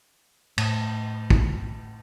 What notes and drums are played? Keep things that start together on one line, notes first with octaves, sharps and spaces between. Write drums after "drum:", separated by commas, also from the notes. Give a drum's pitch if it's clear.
A2, drum: cymbal
drum: kick